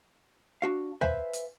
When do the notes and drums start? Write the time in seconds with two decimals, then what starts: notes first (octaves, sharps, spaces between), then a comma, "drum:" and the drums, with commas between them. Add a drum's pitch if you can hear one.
0.62 D4 F#4 F5
1.01 B4 C5 E5 F5 G#5, drum: tom
1.33 drum: hi-hat